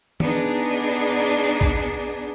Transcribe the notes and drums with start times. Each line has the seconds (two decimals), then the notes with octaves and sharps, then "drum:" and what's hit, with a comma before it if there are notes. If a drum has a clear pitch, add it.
0.20 B3 D4 D#4 G#4, drum: tom D#3
1.61 drum: kick